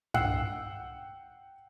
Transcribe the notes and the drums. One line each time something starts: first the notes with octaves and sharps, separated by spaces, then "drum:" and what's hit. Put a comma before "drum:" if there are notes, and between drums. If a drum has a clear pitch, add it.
F#5 G5 E6 F#6 C7, drum: tom G2